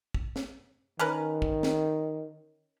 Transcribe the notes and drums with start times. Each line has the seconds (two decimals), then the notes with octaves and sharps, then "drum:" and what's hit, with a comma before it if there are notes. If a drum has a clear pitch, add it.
0.14 drum: kick
0.36 drum: snare
0.99 D#3 C#4 A#4 B4
1.42 drum: kick
1.63 drum: snare